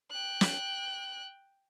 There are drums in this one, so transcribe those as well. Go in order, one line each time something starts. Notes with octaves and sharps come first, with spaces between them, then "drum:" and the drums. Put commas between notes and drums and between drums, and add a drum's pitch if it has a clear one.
G5 F#6
drum: snare